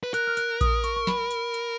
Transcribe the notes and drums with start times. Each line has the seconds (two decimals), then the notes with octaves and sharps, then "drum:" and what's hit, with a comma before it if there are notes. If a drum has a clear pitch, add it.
0.03 B4
0.14 A#4 F#6, drum: hi-hat
0.27 F6
0.37 F#6, drum: hi-hat
0.61 D#6, drum: kick A#1, hi-hat
0.84 C#6, drum: hi-hat
0.96 C#6
1.07 B5, drum: snare
1.31 drum: hi-hat
1.54 drum: hi-hat